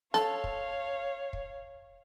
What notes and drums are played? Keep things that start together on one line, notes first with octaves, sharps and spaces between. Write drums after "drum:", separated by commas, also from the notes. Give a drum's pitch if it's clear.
A4 C#5 F5, drum: snare
drum: kick
drum: kick